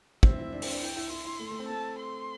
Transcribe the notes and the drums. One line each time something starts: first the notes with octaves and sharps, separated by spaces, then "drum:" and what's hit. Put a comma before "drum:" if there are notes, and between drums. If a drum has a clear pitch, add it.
C4 E5, drum: kick
E4
D4
C4, drum: open hi-hat
D4
E4 G5
E4
E4 C6
E4
A3
A3
C4
A3 A5
C6